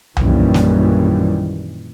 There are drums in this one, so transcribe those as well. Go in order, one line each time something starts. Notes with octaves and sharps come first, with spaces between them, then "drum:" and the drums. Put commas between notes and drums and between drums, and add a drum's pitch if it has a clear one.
A#1 F#2 A#2 D#3 E3 G3, drum: tom C2
drum: snare